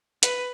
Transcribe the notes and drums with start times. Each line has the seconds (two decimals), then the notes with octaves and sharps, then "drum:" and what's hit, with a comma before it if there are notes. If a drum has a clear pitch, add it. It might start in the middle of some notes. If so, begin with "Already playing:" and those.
0.23 B4, drum: hi-hat